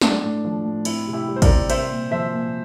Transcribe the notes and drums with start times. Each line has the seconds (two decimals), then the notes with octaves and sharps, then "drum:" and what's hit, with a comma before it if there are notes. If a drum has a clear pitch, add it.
0.01 A3 D4, drum: snare
0.23 A2
0.45 F3
0.65 A2
0.85 C4 E4, drum: cymbal
1.07 C3
1.13 E4 G4
1.28 G3
1.36 C5
1.42 A#4 D5, drum: kick A1, cymbal
1.49 C3
1.70 C4 C5 E5, drum: cymbal
1.91 A#2
2.11 F3 C5 E5
2.33 A#2